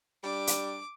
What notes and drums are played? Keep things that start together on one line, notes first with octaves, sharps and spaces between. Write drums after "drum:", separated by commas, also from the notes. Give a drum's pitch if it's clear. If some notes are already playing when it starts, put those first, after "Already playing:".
G3 D4 D6
drum: hi-hat